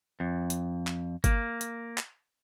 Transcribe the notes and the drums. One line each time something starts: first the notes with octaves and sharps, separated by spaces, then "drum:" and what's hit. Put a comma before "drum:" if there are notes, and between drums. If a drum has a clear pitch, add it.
F2
drum: hi-hat
drum: clap
A#3, drum: kick G1, hi-hat
drum: hi-hat
drum: clap